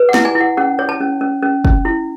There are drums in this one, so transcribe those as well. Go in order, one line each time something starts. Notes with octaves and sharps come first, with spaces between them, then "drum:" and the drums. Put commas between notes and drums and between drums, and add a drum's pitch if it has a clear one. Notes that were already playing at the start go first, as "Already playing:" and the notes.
Already playing: B4
F#5
E4, drum: snare
G#5
E4
F#5
C#4 F#5
C#5
A5
C#4
C#4
C#4
C#4, drum: kick
E4